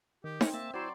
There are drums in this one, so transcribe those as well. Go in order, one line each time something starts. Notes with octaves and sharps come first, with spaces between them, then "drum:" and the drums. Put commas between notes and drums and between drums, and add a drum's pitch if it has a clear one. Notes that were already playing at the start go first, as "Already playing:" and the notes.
D#3 G4
C4 A#4 C#5 F#5, drum: snare D#4
A#3 E5 A5
F#3 E4 C5 D5 C6 C#6